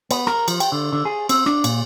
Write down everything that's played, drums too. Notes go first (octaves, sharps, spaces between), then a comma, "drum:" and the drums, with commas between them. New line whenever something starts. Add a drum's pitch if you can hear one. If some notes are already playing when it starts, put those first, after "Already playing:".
B3, drum: cymbal
A#4, drum: rim click
F3, drum: cymbal
G5, drum: cymbal
D3
D3
G#4
C4, drum: cymbal
D4, drum: rim click
A#2, drum: cymbal